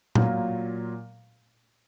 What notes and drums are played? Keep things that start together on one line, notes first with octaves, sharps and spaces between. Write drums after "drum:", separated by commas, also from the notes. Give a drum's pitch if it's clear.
A#2 F#3 A#3 F4, drum: tom A#2